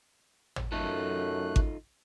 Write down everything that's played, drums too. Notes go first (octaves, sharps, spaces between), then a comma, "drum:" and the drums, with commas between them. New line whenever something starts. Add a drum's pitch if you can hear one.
drum: tom
F#2 A3 D#4 F4 A4 F#6
drum: kick G#1